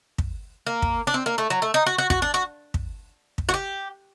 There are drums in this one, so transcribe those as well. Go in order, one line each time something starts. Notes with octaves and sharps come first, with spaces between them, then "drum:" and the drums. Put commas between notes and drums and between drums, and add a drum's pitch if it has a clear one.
drum: kick
A#3
drum: kick
D4
C4
A#3
A3
F#3
A3
D#4
F#4
F#4
F#4, drum: kick
D4
F#4
drum: kick
drum: kick
F#4
G4